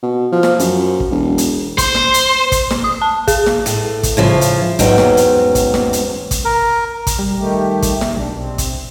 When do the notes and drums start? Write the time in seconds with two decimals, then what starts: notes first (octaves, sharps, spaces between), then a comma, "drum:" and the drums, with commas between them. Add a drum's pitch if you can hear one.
0.03 B2
0.32 F3
0.43 drum: snare
0.59 F#2, drum: hi-hat
1.00 drum: kick
1.11 E1
1.38 drum: hi-hat
1.78 C5, drum: kick, hi-hat
1.95 drum: snare
2.14 drum: hi-hat
2.52 drum: kick, hi-hat
2.71 drum: snare
2.84 D#6
3.02 A5
3.28 G#4, drum: kick, hi-hat
3.46 drum: snare
3.66 A2, drum: hi-hat
4.03 drum: kick, hi-hat
4.17 A2 C#3 F3
4.41 drum: hi-hat
4.79 E2 G#2 F#3 C#4 G5, drum: kick, hi-hat
4.98 drum: snare
5.17 drum: hi-hat
5.55 drum: kick, hi-hat
5.74 drum: snare
5.93 drum: hi-hat
6.31 drum: kick, hi-hat
6.45 A#4
7.07 drum: kick, hi-hat
7.19 G3
7.37 D#3 A3 G4
7.82 drum: kick, hi-hat
8.01 drum: snare
8.17 B1 D4
8.36 C3 C4
8.58 drum: kick, hi-hat